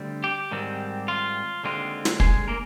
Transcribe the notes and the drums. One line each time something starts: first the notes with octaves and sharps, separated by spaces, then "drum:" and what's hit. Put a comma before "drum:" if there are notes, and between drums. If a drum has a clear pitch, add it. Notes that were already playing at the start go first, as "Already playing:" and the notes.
Already playing: D2 D3 G3 C4
G4
G#2 D#3 G3 C4
F4
D#2 D3 G#3 C4 F4
drum: snare
G#3 G#4, drum: kick
A#3 A#4